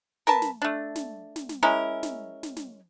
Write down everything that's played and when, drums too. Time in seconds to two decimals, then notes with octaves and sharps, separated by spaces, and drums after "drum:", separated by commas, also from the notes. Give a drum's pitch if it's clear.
0.27 A#4 B4 A5, drum: snare
0.42 drum: snare
0.62 A3 D4
0.96 drum: snare
1.36 drum: snare
1.49 drum: snare
1.63 G#3 C#4 E4 A#4
2.03 drum: snare
2.43 drum: snare
2.57 drum: snare